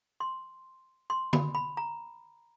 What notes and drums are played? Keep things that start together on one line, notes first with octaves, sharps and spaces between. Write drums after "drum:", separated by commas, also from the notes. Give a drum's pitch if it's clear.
C6
C6
B5, drum: tom D3
B5
A#5